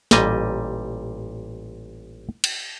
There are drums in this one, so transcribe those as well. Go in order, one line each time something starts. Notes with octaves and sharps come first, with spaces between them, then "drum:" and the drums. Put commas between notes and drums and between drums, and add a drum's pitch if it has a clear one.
A1 A#2 G3 D#5 G#5, drum: snare
drum: cymbal